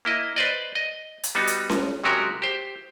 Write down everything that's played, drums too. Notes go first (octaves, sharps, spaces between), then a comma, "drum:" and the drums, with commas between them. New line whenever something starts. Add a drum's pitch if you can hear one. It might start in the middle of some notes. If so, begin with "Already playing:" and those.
A#3 E4 D#5
B4 C5 D5 D#5
D#5
drum: hi-hat
G3 B3 D#4 F#4
drum: hi-hat
drum: snare C#4
C3 F#3 G#3 F#4 G4 A#4
G4 C5